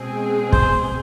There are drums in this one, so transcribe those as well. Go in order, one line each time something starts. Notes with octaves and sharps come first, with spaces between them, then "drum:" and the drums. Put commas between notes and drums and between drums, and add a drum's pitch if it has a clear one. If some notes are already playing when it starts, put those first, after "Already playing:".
Already playing: B2 G#3 C4 G#4
C5, drum: kick